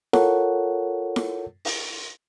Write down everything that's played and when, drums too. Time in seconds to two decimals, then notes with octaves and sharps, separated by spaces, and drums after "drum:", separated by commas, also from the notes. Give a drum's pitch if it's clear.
0.13 F4 A4 A#4 C#5 F#5, drum: snare E4
1.16 drum: snare E4
1.65 drum: open hi-hat